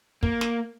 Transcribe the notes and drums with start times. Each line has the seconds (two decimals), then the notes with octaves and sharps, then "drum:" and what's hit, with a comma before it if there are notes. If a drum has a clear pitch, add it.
0.23 A#3, drum: kick
0.41 drum: snare